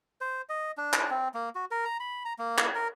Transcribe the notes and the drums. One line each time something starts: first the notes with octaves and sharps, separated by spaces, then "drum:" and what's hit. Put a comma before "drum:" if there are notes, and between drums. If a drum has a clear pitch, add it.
C5
D#5
D4
drum: clap
C4
A#3
F#4
A#4
A#5
B5
A#5
A#3
drum: clap
A#4